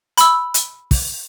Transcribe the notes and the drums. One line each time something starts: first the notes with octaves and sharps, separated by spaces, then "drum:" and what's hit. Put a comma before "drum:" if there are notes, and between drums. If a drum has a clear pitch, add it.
B5 E6, drum: hi-hat
drum: hi-hat
drum: kick, open hi-hat